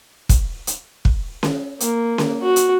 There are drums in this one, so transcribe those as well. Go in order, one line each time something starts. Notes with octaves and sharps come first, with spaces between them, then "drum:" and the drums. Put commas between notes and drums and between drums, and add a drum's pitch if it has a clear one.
drum: kick, hi-hat
drum: hi-hat
drum: kick
drum: snare C#4
A#3, drum: hi-hat
drum: snare C#4
F#4
drum: hi-hat